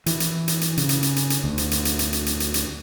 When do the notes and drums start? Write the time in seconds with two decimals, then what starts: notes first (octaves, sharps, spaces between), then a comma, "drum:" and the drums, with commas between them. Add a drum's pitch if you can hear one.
0.06 E3, drum: hi-hat
0.20 drum: hi-hat
0.48 drum: hi-hat
0.61 drum: hi-hat
0.77 C#3, drum: hi-hat
0.89 drum: hi-hat
1.03 drum: hi-hat
1.16 drum: hi-hat
1.30 drum: hi-hat
1.44 D2
1.58 drum: hi-hat
1.71 drum: hi-hat
1.85 drum: hi-hat
1.99 drum: hi-hat
2.13 drum: hi-hat
2.26 drum: hi-hat
2.40 drum: hi-hat
2.54 drum: hi-hat